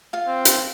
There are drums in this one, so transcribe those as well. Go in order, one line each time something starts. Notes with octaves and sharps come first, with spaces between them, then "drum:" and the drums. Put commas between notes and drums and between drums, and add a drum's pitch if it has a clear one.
F4 F5
C4
drum: hi-hat